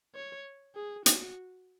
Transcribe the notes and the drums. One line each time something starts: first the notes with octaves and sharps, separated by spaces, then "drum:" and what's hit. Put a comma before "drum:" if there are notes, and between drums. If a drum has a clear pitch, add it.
C#5
G#4
F#4, drum: hi-hat